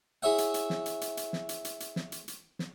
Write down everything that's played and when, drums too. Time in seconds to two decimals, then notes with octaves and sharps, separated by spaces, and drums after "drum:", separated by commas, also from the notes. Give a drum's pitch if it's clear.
0.23 E4 G#4 C#5 E5 F#5
0.38 drum: hi-hat
0.54 drum: hi-hat
0.70 drum: snare
0.86 drum: hi-hat
1.01 drum: hi-hat
1.17 drum: hi-hat
1.33 drum: snare
1.49 drum: hi-hat
1.65 drum: hi-hat
1.80 drum: hi-hat
1.96 drum: snare
2.12 drum: hi-hat
2.28 drum: hi-hat
2.59 drum: snare